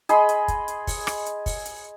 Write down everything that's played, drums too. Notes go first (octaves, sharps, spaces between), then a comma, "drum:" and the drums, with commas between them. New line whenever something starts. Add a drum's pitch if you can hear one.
G#4 D#5 B5 C6, drum: hi-hat
drum: hi-hat
drum: kick, hi-hat
drum: hi-hat
drum: kick, open hi-hat
drum: rim click
drum: hi-hat
drum: kick, open hi-hat
drum: hi-hat